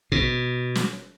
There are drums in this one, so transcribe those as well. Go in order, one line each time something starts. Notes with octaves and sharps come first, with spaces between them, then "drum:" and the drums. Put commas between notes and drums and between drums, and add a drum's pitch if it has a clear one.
B2, drum: kick
drum: snare